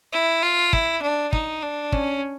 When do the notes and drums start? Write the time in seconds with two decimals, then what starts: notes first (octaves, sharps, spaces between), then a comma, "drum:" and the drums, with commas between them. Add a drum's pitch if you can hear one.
0.12 E4
0.43 F4
0.73 E4, drum: kick
1.02 D4
1.33 D#4, drum: kick
1.62 D4
1.92 C#4, drum: kick